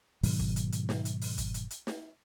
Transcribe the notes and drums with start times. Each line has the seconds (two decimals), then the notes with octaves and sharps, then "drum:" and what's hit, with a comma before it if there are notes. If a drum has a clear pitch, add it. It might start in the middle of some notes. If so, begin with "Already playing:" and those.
0.23 G#2 B2 D#3 F#3, drum: open hi-hat
0.40 drum: kick
0.56 drum: hi-hat
0.72 drum: hi-hat
0.89 drum: snare
1.05 drum: hi-hat
1.21 drum: open hi-hat
1.38 drum: kick, hi-hat
1.54 drum: hi-hat
1.71 drum: hi-hat
1.87 drum: snare